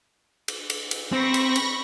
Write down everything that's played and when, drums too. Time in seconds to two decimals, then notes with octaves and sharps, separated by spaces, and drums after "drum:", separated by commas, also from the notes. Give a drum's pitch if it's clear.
0.48 drum: cymbal
0.70 drum: cymbal
0.91 drum: cymbal
1.13 C4 B5 C#6 A#6
1.34 drum: cymbal
1.55 drum: cymbal